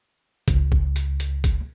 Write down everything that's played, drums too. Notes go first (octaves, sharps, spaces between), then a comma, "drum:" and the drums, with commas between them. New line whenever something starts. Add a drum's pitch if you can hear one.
C#2, drum: kick, hi-hat
drum: kick
drum: hi-hat
drum: hi-hat
drum: kick, hi-hat